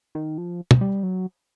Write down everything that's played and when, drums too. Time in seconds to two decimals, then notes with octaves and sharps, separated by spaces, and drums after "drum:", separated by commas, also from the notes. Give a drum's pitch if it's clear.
0.15 D#3
0.38 F3
0.71 drum: tom
0.81 G3
1.03 F#3